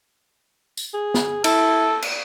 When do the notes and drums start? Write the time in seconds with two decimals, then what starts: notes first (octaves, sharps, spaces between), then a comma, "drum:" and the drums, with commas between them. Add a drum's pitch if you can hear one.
0.77 drum: tambourine
0.94 G#4
1.14 drum: snare
1.44 E4 A4, drum: cymbal
2.02 drum: cymbal